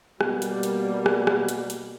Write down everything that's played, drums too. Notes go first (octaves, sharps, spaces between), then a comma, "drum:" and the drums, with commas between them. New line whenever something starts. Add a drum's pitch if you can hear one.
B2 G3 A#3, drum: rim click
drum: hi-hat
drum: hi-hat
drum: rim click
drum: rim click
drum: hi-hat
drum: hi-hat